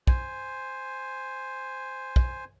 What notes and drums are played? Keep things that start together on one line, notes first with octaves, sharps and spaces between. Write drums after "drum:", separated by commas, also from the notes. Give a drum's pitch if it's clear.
C5 G#5, drum: kick
drum: kick